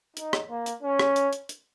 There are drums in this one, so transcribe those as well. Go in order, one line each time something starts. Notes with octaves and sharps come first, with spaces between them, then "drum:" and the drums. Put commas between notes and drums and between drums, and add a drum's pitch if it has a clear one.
D#4, drum: hi-hat
drum: rim click
A#3
drum: hi-hat
C#4
drum: rim click
drum: hi-hat
drum: hi-hat
drum: hi-hat